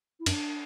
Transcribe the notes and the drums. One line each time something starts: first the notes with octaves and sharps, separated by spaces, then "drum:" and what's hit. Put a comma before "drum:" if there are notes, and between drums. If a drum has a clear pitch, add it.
E4
F#2 D4, drum: cymbal